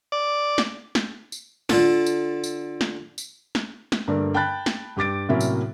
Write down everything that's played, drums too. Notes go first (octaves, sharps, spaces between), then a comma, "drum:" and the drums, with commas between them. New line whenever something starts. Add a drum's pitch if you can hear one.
D5
drum: snare
drum: snare
drum: tambourine
D3 F4 A4, drum: snare
drum: tambourine
drum: tambourine
drum: snare
drum: tambourine
drum: snare
drum: snare
G2 D3 A3 A#3 A#4 D5
G5 A5 B5 F#6 A6
drum: snare
G2 G4 D6 A6 D7
A2 C3 F#3 A#3 C#4 E4
drum: tambourine